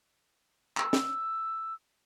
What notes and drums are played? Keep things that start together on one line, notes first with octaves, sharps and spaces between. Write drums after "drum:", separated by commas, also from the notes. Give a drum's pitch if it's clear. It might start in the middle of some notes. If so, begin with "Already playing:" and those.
E6, drum: clap
drum: snare